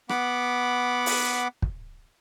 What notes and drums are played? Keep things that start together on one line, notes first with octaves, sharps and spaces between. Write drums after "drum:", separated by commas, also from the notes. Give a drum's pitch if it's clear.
B3 F#5 B5 D6, drum: rim click
drum: open hi-hat
drum: kick